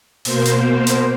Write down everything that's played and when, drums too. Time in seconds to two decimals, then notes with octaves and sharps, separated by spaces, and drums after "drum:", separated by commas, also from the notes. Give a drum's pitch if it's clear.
0.25 B2 A#3 C5, drum: open hi-hat
0.45 drum: hi-hat
0.87 drum: hi-hat